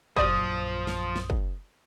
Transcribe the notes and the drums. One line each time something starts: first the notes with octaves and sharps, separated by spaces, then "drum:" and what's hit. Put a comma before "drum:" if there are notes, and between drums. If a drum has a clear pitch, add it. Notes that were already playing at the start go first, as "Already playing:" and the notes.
A#1 F#2 F3 C5 D5 D#6, drum: kick
drum: snare
drum: snare
drum: kick